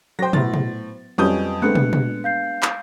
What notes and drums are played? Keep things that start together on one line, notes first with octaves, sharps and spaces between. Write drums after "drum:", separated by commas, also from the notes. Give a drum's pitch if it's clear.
F#3 C5 G5 A#6
A2 B3 E4 C5 A6, drum: tom
drum: tom
F2 F#3 G3 C#4 B4 D#5 D#6 G6
G#3 A3 B3 C4 D4 B4 F#6 C#7
drum: tom
drum: tom
F5 G6 C7
drum: clap